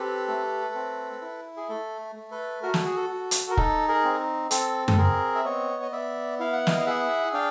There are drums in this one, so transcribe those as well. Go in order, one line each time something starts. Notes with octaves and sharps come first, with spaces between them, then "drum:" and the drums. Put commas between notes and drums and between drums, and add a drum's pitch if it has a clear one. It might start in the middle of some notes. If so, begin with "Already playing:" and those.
Already playing: C4 G4 A4 B4
A3
C4
E4
G#4
A3 A4
A3
A4 B4
F#4 A#4
A4, drum: snare
G#4
A4
F#4
drum: hi-hat
A#4
D#4 A4, drum: kick
G#4 A#4
C4
C4 A4, drum: hi-hat
A4, drum: tom F#2
C4 G#4 A#4
E5
B3 C#5 D#5
D#5
B3 D5 E5
E4 F5
F#5
D#5 F5, drum: snare
F5
G#4 E5 F#5
D4 F5 G5